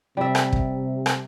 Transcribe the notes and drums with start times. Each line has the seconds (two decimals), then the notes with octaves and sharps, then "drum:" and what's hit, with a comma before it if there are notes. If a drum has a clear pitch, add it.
0.17 C3 G3 E5
0.35 drum: rim click
0.52 drum: kick
1.06 drum: rim click